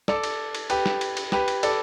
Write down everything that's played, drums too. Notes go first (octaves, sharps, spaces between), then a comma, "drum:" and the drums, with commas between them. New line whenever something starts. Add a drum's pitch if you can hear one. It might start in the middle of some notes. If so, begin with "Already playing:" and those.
A4 D5, drum: snare
drum: cymbal
drum: cymbal
G4 B4, drum: cymbal
drum: snare
drum: cymbal
drum: cymbal
G4 B4, drum: snare
drum: cymbal
A4 D5, drum: cymbal